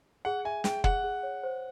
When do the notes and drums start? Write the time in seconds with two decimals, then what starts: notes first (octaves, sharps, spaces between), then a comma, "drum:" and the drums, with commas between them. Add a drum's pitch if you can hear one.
0.25 G#4 F#5
0.45 E5 G#5
0.64 G#4 G5, drum: snare
0.84 G#4 F#5, drum: kick
1.04 G#4
1.23 C#5
1.43 C5